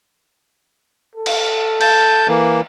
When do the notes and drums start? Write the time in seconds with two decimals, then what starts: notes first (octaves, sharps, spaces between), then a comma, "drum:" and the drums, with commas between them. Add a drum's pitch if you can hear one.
1.15 A4
1.26 drum: cymbal
1.81 A5 G6, drum: cymbal
2.28 E3 A#3